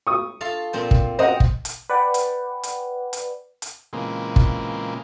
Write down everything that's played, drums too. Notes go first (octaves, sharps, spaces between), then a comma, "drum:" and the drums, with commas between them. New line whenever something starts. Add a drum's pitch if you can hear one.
C#6 D#6
F4 A4 F5
A#2 C4 C5
drum: kick
C4 A#4 C5 D#5 F#5 A#5
drum: kick
drum: hi-hat
B4 D5 F#5 G5
drum: hi-hat
drum: hi-hat
drum: hi-hat
drum: hi-hat
A#2 C#3 E3 G#3 A#3 C4
drum: kick